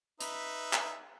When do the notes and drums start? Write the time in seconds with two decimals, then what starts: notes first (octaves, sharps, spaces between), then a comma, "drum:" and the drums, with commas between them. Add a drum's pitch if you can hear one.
0.21 D#4 B4 E5, drum: hi-hat
0.73 drum: clap